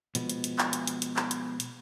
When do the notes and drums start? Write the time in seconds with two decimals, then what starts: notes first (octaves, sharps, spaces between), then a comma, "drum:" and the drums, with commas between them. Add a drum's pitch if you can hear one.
0.15 B2 F3 G#3 B3, drum: hi-hat
0.29 drum: hi-hat
0.44 drum: hi-hat
0.58 drum: clap
0.73 drum: hi-hat
0.87 drum: hi-hat
1.02 drum: hi-hat
1.16 drum: clap
1.31 drum: hi-hat
1.60 drum: hi-hat